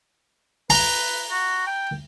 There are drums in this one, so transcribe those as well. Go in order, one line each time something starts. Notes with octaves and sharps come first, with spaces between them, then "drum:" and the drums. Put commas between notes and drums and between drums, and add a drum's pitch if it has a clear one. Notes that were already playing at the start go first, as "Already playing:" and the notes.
B4 A#5, drum: open hi-hat
F#4
G5